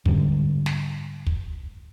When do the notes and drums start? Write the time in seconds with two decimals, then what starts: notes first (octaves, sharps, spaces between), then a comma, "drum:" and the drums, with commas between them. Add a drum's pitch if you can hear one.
0.05 G#2 D3 G3 C#4, drum: kick
0.66 drum: snare
1.27 drum: kick